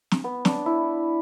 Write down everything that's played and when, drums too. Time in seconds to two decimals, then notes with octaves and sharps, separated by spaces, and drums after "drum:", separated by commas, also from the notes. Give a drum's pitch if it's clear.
0.11 drum: snare
0.24 B3
0.45 D4, drum: snare
0.66 E4